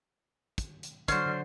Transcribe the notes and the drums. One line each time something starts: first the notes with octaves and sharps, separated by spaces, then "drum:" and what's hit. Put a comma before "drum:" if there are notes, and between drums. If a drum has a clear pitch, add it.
drum: kick, hi-hat
drum: hi-hat
D3 F#3 C5 C#5 C#6 F6 C7, drum: kick, hi-hat